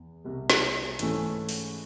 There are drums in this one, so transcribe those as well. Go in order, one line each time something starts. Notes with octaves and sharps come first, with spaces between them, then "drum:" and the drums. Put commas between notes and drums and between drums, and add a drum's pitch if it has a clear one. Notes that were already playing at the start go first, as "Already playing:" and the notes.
Already playing: E2
C2 B2 G3
drum: snare
G#2 E3 A3 C#4, drum: hi-hat
drum: open hi-hat